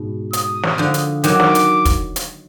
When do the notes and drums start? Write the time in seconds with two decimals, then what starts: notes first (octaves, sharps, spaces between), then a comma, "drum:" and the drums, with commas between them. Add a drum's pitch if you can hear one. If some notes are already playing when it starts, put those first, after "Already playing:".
Already playing: G#2 B2
0.33 D#6, drum: hi-hat
0.63 drum: snare
0.78 D3 F3
0.94 drum: hi-hat
1.24 D#3 F#3 D6, drum: hi-hat
1.40 drum: snare
1.55 drum: hi-hat
1.85 drum: kick, hi-hat
2.16 drum: hi-hat